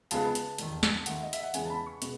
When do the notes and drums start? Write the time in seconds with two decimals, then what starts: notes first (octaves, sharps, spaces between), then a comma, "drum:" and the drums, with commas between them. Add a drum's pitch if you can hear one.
0.11 C#2 C#3 G#3 B3 A5, drum: hi-hat
0.35 drum: hi-hat
0.58 E1 D#2 D#3, drum: hi-hat
0.83 drum: snare
1.06 D#2 D#3 A3 F#5, drum: hi-hat
1.22 D#5
1.33 E5, drum: hi-hat
1.43 F#5
1.54 E2 C#3 G#3 B3 G#5, drum: hi-hat
1.65 A5
1.70 B5
1.86 C#6
2.02 B2 G#3 B3, drum: hi-hat